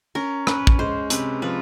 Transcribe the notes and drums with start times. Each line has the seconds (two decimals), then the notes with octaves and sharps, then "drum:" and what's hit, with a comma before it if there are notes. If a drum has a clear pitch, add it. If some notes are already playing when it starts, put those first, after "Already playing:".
0.15 C#4 A#4
0.47 C#4 B4, drum: rim click
0.67 drum: kick
0.79 G#3 C5
1.10 C3 B4, drum: hi-hat
1.42 F3 B4